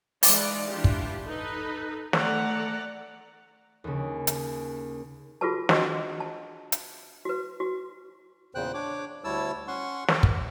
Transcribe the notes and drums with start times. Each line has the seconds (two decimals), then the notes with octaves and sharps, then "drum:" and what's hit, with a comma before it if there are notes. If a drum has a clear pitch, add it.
0.23 E3 G#3 D#4 F4 D5, drum: open hi-hat
0.70 E3 D4 F4 G4
0.84 drum: kick
1.25 D#4 A4 B4
2.13 A3 A4 D5 F#5 A#5, drum: snare
3.84 D#2 C#3
4.27 drum: hi-hat
5.41 F4 F#4 G#4 A4 B4 A5
5.69 D4 F#4 D#5 F#5, drum: snare
6.20 A5
6.72 drum: hi-hat
7.25 F#4 B4
7.60 F#4
8.55 E2 A#2 C#3 C5 G5 F#6
8.74 D4 C#5 D6
9.24 D2 G3 E4 C#5 A5 E6
9.68 C#4 F#5 C6 C#6
10.08 A#4, drum: snare
10.23 drum: kick